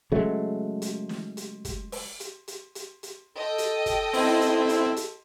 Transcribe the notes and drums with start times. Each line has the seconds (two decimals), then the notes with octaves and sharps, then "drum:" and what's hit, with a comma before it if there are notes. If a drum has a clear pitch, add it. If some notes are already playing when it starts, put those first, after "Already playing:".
0.12 C#3 F#3 G#3 A3
0.82 drum: hi-hat
1.09 drum: snare
1.37 drum: hi-hat
1.65 drum: kick, hi-hat
1.92 drum: open hi-hat
2.20 drum: hi-hat
2.48 drum: hi-hat
2.75 drum: hi-hat
3.03 drum: hi-hat
3.37 A4 D#5 G5 A5
3.58 drum: hi-hat
3.86 drum: kick, hi-hat
4.14 C4 E4, drum: open hi-hat
4.41 drum: hi-hat
4.69 drum: hi-hat
4.96 drum: hi-hat